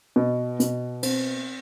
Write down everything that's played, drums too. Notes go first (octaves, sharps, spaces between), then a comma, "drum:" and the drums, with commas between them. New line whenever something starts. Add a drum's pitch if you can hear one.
B2
B2, drum: hi-hat
C4, drum: cymbal